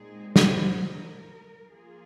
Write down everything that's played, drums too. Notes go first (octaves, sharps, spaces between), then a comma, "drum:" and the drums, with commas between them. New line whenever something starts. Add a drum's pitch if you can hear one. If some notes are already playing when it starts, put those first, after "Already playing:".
Already playing: A#2 G#3 C4 D#4 G#4
C5, drum: snare
A#4
F3 A#3 F4 G#4